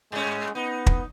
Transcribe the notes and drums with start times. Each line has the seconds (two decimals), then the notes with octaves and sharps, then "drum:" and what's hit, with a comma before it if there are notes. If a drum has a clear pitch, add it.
0.12 G#2 G#3 C#4
0.55 B3 D#4
0.86 drum: kick